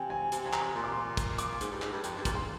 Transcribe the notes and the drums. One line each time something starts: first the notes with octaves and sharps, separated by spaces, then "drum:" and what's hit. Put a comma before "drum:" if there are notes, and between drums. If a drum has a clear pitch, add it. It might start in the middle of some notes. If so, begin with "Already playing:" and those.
Already playing: C3 G5 G#5
G#5
C3, drum: hi-hat
G#5
A#5, drum: clap
A#2 C6
D6
C6
C6, drum: kick, hi-hat
D6, drum: hi-hat
G#2, drum: hi-hat
G2
G#2, drum: clap
G2
F2, drum: hi-hat
G2
A#2, drum: kick, hi-hat
G#2 C6